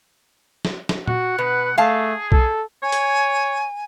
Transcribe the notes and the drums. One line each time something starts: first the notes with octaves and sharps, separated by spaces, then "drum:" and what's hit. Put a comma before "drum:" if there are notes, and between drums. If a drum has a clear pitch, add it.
drum: snare
drum: snare
F#4 F#5, drum: tom
B2 B4
A3 G#4 F5 A5
A4, drum: kick B1
C#5 G#5
drum: hi-hat